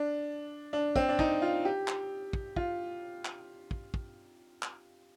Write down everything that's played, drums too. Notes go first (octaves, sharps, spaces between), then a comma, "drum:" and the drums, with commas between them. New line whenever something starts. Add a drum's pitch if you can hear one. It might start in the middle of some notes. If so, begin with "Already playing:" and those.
Already playing: D4
D4
C4, drum: kick
D4
D#4, drum: kick
F4
G4
drum: clap
drum: kick
F4, drum: kick
drum: clap
drum: kick
drum: kick
drum: clap